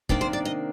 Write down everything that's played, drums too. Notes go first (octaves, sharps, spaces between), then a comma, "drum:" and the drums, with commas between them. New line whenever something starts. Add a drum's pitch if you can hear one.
C3 D#3 A#3 D4 D5, drum: kick
C5
D5
D#5